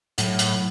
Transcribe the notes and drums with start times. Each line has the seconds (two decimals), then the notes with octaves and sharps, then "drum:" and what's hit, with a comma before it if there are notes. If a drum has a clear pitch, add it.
0.18 A2 F#3, drum: hi-hat
0.39 drum: hi-hat